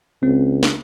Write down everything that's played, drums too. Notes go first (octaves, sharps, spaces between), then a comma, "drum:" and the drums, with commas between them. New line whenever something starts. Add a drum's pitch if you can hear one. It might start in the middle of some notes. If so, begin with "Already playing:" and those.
C#2 C4
drum: snare